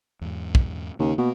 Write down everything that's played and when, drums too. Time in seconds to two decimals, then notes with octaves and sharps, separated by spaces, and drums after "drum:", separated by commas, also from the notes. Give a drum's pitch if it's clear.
0.21 E2 G#2
0.55 drum: kick
0.99 D#2 C#3 C#4
1.18 B2 A#3